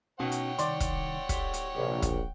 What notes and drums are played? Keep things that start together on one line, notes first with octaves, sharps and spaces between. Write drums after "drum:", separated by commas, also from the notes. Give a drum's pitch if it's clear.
B2 B3 C#4 D#4 C#5 F#5 G5
drum: hi-hat
C2 D#3 D5 C6, drum: hi-hat
drum: kick, hi-hat
G4 A4 C5, drum: kick, hi-hat
drum: hi-hat
A#1 C3 G4
drum: kick, hi-hat